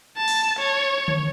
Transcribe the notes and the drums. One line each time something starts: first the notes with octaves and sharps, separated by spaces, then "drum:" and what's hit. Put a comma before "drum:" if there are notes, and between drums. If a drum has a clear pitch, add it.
A5
drum: open hi-hat
C#5
drum: tom D3